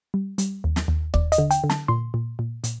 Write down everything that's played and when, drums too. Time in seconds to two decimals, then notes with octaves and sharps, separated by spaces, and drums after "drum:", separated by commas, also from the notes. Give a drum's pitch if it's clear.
0.14 G3
0.38 G3, drum: hi-hat
0.64 D#2
0.76 drum: snare
0.88 D#2
1.14 D#2 D5, drum: kick C#1
1.32 D#5, drum: hi-hat
1.38 D3
1.51 G5, drum: hi-hat
1.64 D3
1.70 A5, drum: snare
1.88 A#2 C6
2.14 A#2
2.39 A#2
2.64 A#2, drum: hi-hat